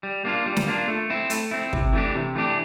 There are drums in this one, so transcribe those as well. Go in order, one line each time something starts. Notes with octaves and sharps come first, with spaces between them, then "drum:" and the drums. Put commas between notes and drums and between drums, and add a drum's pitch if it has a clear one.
G3
A#3 D4 F4
G3
drum: snare
A#3 D4 F4
A3
C4 E4
A3, drum: hi-hat
C4 E4
C3, drum: kick
E3 A3 D4 G4
C3
E3 A3 D4 G4